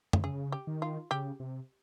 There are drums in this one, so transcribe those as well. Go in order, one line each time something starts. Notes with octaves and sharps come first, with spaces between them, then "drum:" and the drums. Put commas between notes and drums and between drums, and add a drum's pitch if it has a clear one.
drum: tom F#2
C#3 G#4
G4
D#3
F4
C#3 G4
C3